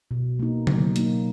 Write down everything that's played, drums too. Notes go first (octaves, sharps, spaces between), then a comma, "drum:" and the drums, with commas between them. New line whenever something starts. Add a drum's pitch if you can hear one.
B2
A#3 D#4
F#3, drum: tom C#3
A#3 D#4, drum: hi-hat